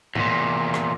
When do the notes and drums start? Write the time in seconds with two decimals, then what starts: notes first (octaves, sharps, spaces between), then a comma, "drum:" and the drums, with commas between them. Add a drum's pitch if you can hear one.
0.15 E2 A#2, drum: tom
0.74 drum: rim click